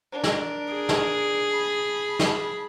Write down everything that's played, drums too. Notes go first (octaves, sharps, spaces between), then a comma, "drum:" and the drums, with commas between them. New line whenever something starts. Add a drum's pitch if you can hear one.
D4 A#4
drum: snare
G#4
drum: snare
A5 B5
drum: snare